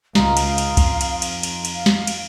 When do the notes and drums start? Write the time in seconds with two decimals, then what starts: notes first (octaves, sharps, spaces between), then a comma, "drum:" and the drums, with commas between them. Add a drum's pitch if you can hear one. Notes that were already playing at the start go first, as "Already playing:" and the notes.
0.15 C#2 D#4 F4 F5, drum: snare
0.37 drum: cymbal
0.58 drum: cymbal
0.77 F2, drum: kick C2, cymbal
1.01 drum: cymbal
1.22 drum: cymbal
1.43 drum: cymbal
1.65 drum: cymbal
1.75 F5
1.86 drum: snare
2.07 drum: cymbal